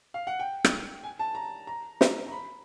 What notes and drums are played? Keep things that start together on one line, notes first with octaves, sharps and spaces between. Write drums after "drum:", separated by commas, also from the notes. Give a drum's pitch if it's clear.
F5
F#5
G5
drum: rim click
G#5
A5
A#5
A#5
drum: snare
A#5
B5